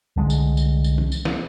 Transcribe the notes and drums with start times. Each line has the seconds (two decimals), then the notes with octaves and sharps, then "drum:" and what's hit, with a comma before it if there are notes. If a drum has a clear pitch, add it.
0.16 C2 D3 G#3
0.30 drum: tambourine
0.57 drum: tambourine
0.84 drum: tambourine
0.98 drum: tom
1.12 drum: tambourine
1.25 drum: snare